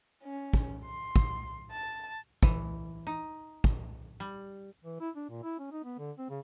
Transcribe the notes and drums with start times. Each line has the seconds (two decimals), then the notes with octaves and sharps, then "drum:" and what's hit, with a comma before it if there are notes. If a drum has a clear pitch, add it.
0.24 C#4
0.53 drum: kick
0.85 C6
1.16 drum: kick
1.72 A5
2.43 E3, drum: kick
3.07 D#4
3.64 drum: kick
4.20 G3
4.84 E3
5.00 E4
5.16 D4
5.30 A#2
5.43 E4
5.59 C#4
5.71 D#4
5.84 B3
5.99 D3
6.18 C4
6.30 C#3